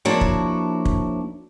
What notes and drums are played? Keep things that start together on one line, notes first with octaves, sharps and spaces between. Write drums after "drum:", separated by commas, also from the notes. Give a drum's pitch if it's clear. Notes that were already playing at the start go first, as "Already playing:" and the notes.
F3 A#3 D4 E4 F#4 C#5
drum: kick
drum: kick